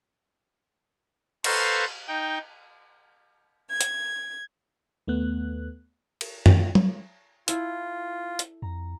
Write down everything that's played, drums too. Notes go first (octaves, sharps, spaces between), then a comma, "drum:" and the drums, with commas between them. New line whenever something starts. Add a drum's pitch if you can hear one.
A4 B4 C5 F5 A#5 C#6, drum: cymbal
D#4 G5
G#6
drum: hi-hat
D#2 A3 B3 F#6
drum: cymbal
drum: tom F#2
drum: tom F#3
E4 F4 A4, drum: hi-hat
drum: hi-hat
F2 A#5